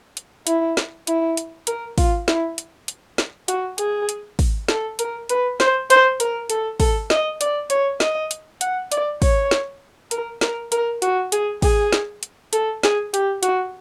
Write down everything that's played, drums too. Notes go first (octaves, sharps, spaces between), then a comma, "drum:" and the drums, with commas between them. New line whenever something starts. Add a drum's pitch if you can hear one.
drum: hi-hat
E4, drum: hi-hat
drum: snare
E4, drum: hi-hat
drum: hi-hat
A#4, drum: hi-hat
F4, drum: kick, open hi-hat
E4, drum: snare
drum: hi-hat
drum: hi-hat
drum: snare
F#4, drum: hi-hat
G#4, drum: hi-hat
drum: hi-hat
drum: kick, open hi-hat
A4, drum: snare
A#4, drum: hi-hat
B4, drum: hi-hat
C5, drum: snare
C5, drum: hi-hat
A#4, drum: hi-hat
A4, drum: hi-hat
A4, drum: kick, open hi-hat
D#5, drum: snare
D5, drum: hi-hat
C#5, drum: hi-hat
D#5, drum: snare
drum: hi-hat
F#5, drum: hi-hat
D5, drum: hi-hat
C#5, drum: kick, open hi-hat
drum: snare
A#4, drum: hi-hat
A#4, drum: snare
A#4, drum: hi-hat
F#4, drum: hi-hat
G#4, drum: hi-hat
G#4, drum: kick, open hi-hat
drum: snare
drum: hi-hat
A4, drum: hi-hat
G#4, drum: snare
G4, drum: hi-hat
F#4, drum: hi-hat